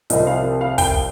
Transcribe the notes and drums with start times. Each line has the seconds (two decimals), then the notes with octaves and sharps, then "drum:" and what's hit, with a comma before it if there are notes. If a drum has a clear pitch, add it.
0.10 C2 C3 F3 D#5, drum: hi-hat
0.27 F5
0.61 F5
0.78 G5, drum: kick, open hi-hat